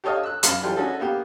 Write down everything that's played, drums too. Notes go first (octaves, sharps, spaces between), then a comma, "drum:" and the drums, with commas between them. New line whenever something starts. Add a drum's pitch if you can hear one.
G4 A4 C#5 D#5 F5
E6 F#6
F#2 F5 A5 B5, drum: hi-hat
E3 G3 F4 G4 A4 C5
C#4 D#4 F#4 G#4 A4
A#3 B3 G4